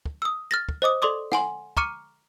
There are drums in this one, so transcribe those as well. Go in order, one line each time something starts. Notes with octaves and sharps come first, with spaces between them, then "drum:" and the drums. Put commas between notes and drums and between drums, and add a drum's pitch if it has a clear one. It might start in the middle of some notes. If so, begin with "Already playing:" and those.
drum: kick
D#6 E6
F6 A6 A#6
drum: kick
C5 D#5 D6 D#6
A4 D5 C6 D6 D#6
F#5 G#5 C6, drum: snare
A#5 C#6 D6 F6 C#7 D#7, drum: kick